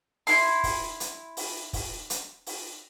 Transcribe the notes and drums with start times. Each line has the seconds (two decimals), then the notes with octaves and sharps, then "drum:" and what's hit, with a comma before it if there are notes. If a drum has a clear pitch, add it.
0.27 E4 C6, drum: open hi-hat
0.64 drum: kick, open hi-hat
1.00 drum: hi-hat
1.37 drum: open hi-hat
1.73 drum: kick, open hi-hat
2.10 drum: hi-hat
2.46 drum: open hi-hat